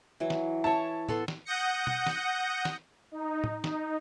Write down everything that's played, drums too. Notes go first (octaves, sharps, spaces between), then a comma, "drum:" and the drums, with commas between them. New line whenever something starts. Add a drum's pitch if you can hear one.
E3 F#3
drum: snare
E4 C#5 A5
B3 A4 C6, drum: tom A2
drum: snare
F#5 D#6 G6 A#6 C#7
drum: tom
drum: snare
drum: snare
D#4
drum: tom A2
D#4, drum: snare